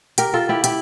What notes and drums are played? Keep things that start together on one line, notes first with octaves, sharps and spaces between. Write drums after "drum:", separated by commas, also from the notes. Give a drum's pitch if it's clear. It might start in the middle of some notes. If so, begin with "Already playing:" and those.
G4 A#4, drum: hi-hat
F4 A4
E4 G4
E4 G4, drum: hi-hat